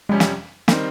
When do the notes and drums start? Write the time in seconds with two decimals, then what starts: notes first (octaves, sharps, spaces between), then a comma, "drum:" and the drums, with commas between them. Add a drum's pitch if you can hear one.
0.09 F2 C3 G3 G#3 C#4
0.20 drum: snare
0.68 D#3 G3 A#3 C4 D#4, drum: snare